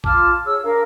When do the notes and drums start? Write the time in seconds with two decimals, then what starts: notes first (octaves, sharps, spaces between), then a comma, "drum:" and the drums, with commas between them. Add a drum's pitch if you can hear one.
0.04 F4 A5 D6 F6, drum: kick
0.45 G#4 C#5 E6
0.62 D4 A#4 F5